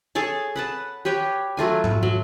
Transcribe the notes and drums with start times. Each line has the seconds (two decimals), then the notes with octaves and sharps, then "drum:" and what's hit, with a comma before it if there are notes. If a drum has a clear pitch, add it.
0.15 G#4 A4 C#5 A5
0.56 B4 F#5 A5
1.05 G4 B4 C#5 G5
1.57 F#3 A3 F4 G#5
1.84 drum: tom G#2
2.03 F#3